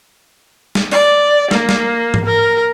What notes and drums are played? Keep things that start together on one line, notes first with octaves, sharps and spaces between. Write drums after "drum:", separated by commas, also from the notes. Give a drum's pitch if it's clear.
drum: snare
D5, drum: open hi-hat
A#3, drum: snare
drum: snare
drum: tom G#2
A#4